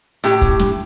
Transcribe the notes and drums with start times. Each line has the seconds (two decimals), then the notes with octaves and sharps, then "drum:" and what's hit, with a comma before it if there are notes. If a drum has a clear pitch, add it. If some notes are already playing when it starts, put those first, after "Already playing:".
0.24 A2 G4, drum: hi-hat
0.42 drum: kick, hi-hat
0.59 drum: snare